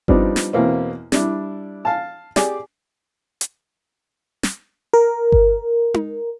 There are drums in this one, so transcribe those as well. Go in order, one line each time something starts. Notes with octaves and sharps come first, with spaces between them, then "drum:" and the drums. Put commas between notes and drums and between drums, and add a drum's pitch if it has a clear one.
F3 G3 B3 C4 D4 D#4, drum: kick G1
drum: snare
E2 B2 A#3 C4
G3 D4 E4, drum: snare
F5 A5
G4 G#4 D5 D6, drum: snare
drum: hi-hat
drum: snare
A#4
drum: kick G1
drum: tom D#4